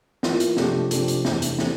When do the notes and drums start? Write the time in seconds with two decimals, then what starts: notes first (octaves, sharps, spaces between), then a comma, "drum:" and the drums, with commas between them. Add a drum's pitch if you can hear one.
0.23 E3 A#3 F4, drum: snare
0.40 drum: hi-hat
0.57 C3 F3 A3 D4 G4, drum: snare
0.91 C3 F3 A3 D4 G4, drum: hi-hat
1.08 drum: hi-hat
1.25 E2 C3 E3 A3 D4, drum: snare
1.42 drum: hi-hat
1.59 C3 E3 A3 D4, drum: snare